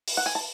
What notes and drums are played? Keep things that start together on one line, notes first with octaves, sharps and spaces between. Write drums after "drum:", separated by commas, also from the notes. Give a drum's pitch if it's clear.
drum: open hi-hat
F#5
G#5
A5